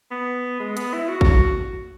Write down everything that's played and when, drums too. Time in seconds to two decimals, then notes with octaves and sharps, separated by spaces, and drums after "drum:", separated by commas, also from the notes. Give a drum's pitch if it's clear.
0.11 B3
0.60 G#3
0.77 B3, drum: hi-hat
0.93 E4
1.08 F#4
1.21 drum: kick